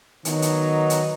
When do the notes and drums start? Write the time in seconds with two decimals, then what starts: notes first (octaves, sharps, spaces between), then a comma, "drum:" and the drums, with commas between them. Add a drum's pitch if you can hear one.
0.25 D#3 F#3 B3 D#4, drum: hi-hat
0.42 drum: hi-hat
0.90 drum: hi-hat